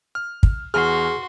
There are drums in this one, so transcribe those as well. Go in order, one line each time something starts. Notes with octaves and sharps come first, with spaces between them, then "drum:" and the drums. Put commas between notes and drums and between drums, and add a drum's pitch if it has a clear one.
F6
drum: kick
E2 F#4 G#4 C6 F6